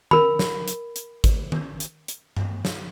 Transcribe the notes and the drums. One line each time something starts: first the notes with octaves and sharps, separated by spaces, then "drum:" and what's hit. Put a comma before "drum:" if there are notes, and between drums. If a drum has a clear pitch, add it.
A#4 B5, drum: tom D#3
drum: snare
drum: hi-hat
drum: hi-hat
drum: kick G#1, hi-hat
drum: tom D#3
drum: hi-hat
drum: hi-hat
drum: tom G2
drum: snare